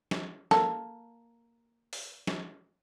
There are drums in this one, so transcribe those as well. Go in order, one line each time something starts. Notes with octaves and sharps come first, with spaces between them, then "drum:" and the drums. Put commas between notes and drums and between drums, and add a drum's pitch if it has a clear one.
drum: snare
A#3 A4, drum: snare
drum: open hi-hat
drum: snare